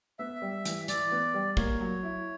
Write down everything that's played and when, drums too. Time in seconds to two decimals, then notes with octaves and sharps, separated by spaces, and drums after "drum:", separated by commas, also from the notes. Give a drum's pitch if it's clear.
0.19 B3 E5
0.42 G3
0.65 E3, drum: hi-hat
0.88 E3 D5, drum: hi-hat
1.12 B3
1.34 G3
1.57 A#3 C#5, drum: kick
1.80 F#3
2.03 E4